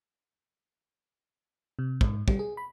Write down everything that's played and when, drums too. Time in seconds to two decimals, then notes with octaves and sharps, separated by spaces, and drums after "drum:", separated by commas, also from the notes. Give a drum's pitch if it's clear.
1.79 C3
2.01 G#2, drum: kick
2.28 G3, drum: kick
2.39 G#4
2.57 B5